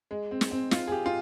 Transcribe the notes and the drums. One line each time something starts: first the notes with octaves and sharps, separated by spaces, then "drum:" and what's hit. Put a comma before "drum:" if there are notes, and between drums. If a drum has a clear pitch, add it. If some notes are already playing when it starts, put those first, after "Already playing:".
G#3
C4
drum: snare
C4
F4, drum: snare
G#4
G4
F4